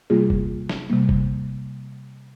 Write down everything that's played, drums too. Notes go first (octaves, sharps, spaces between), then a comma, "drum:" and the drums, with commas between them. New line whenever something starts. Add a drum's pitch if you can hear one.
C3 G3 A#3 F4 G#4
drum: kick
drum: snare
C3 G3 A#3
drum: kick